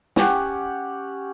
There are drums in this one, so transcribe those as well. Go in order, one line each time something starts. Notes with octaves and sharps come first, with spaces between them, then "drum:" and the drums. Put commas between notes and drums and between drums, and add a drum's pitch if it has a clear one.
C#4 G4 F#5, drum: snare